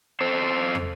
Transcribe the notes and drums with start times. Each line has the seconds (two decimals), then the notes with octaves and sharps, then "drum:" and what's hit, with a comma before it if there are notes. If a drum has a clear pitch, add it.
0.21 C4 A4 C5
0.75 drum: tom